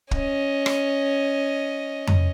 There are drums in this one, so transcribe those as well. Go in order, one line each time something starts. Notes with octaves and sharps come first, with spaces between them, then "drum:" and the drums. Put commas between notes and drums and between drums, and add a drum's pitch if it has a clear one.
C#4 D#5, drum: kick
drum: rim click
drum: tom F2